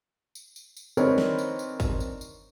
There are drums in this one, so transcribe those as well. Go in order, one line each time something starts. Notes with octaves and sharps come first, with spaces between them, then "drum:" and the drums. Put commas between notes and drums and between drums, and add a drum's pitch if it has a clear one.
drum: tambourine
drum: tambourine
drum: tambourine
D#3 C4 D4 A#4 B4 C#5, drum: tambourine
drum: snare
drum: tambourine
drum: tambourine
drum: kick, tambourine
drum: tambourine
drum: tambourine